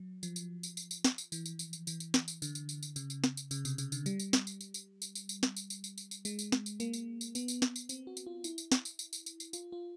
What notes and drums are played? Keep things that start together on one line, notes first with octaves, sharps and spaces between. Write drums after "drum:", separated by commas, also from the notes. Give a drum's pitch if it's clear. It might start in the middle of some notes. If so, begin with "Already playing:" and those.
Already playing: F#3
F3, drum: tambourine
drum: tambourine
drum: tambourine
drum: tambourine
drum: tambourine
drum: snare
drum: tambourine
E3, drum: tambourine
drum: tambourine
drum: tambourine
drum: tambourine
E3, drum: tambourine
drum: tambourine
drum: snare
drum: tambourine
D3, drum: tambourine
drum: tambourine
drum: tambourine
drum: tambourine
C#3, drum: tambourine
drum: tambourine
drum: snare
drum: tambourine
C#3, drum: tambourine
C3, drum: tambourine
C#3, drum: tambourine
D3, drum: tambourine
G3, drum: tambourine
drum: tambourine
drum: snare
drum: tambourine
drum: tambourine
drum: tambourine
drum: tambourine
drum: tambourine
drum: tambourine
drum: snare
drum: tambourine
drum: tambourine
drum: tambourine
drum: tambourine
drum: tambourine
G#3, drum: tambourine
drum: tambourine
drum: snare
drum: tambourine
A#3, drum: tambourine
drum: tambourine
drum: tambourine
B3, drum: tambourine
drum: tambourine
drum: snare
drum: tambourine
C4, drum: tambourine
F#4
drum: tambourine
F4
E4, drum: tambourine
drum: tambourine
drum: snare
drum: tambourine
drum: tambourine
drum: tambourine
drum: tambourine
drum: tambourine
F4, drum: tambourine
F4